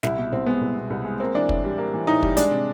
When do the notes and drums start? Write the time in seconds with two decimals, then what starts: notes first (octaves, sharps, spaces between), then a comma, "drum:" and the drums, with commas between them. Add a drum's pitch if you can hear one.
0.03 C2 E4, drum: snare
0.18 B2
0.32 C2 C4
0.46 G#3 B3
0.61 C2
0.76 B2
0.90 C2
1.05 G#3
1.20 A#3 C4
1.35 E3 D4
1.49 A2, drum: kick
1.64 G3
1.78 A#3
1.94 E3
2.07 A2 D#4
2.23 G3, drum: kick
2.37 G#3 D4, drum: hi-hat
2.51 C3